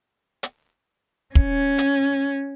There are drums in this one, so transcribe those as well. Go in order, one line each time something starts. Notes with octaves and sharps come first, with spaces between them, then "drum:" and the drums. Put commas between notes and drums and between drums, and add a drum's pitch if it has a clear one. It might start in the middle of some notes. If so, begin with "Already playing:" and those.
drum: hi-hat
C#4, drum: kick
drum: hi-hat